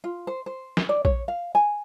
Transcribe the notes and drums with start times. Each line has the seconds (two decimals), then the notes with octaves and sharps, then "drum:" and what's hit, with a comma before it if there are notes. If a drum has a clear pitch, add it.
0.04 F4
0.27 C5
0.46 C5
0.77 drum: snare
0.89 D5
1.05 C#5, drum: kick A#1
1.28 F5
1.55 G#5